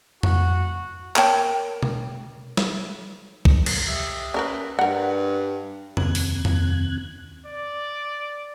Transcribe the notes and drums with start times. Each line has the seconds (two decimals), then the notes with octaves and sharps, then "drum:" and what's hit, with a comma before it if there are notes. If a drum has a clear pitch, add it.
0.23 F#4, drum: tom F2
1.16 A#4 C#5 G5 A5, drum: clap
1.83 drum: tom B2
2.57 drum: snare
3.45 drum: kick
3.66 drum: cymbal
3.87 G4 D#5 E5
4.34 C#4 A#4 B4
4.79 G2 A#4 F#5
5.97 D#2 C3 F#6 G#6, drum: tom F2
6.15 drum: open hi-hat
6.45 drum: tom F2
7.46 D5